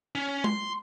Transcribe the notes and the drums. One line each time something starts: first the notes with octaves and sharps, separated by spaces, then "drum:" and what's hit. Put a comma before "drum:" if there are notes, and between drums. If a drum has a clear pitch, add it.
C#4
C6, drum: tom G#3